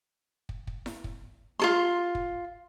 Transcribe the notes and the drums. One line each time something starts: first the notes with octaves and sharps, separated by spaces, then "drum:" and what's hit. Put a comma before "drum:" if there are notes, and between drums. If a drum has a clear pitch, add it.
drum: kick
drum: kick
drum: snare E4
drum: kick
F4 A4 C6
drum: kick